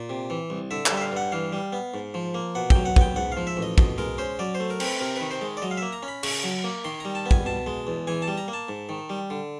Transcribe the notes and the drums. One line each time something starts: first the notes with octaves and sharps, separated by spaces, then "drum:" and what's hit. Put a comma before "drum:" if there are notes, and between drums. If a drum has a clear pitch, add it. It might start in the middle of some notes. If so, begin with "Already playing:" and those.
Already playing: A#2
C3
E3
C2
D3 E5
E5, drum: clap
G3
E5
F5
G2 F#5
E3 F5
G3
B3
G#2
F3
A#3
B2 F#5
G5, drum: kick
F#3
F#5
B3 G5, drum: kick
G#2 F#5
F3 F5
E5
A1
D#5
B2 D#5, drum: kick
G#3 A#4
C#4 C5
F#3 D5
C5
A3
A#4
C4, drum: cymbal
B4
C3 A#4
D#3 B4
C5
G#3
D5
F#3 D#5
F5
A#3 E5
A#5
C#4
B5
C#3 C#6, drum: cymbal
F#3
A#3
D#3 C6
G3 A#5
A5
B3
G#5, drum: kick
B2 A5
G#3
E2
E3 G#5
A5
G3
A#5
A#3
A5
G#2
D#3
G3
D3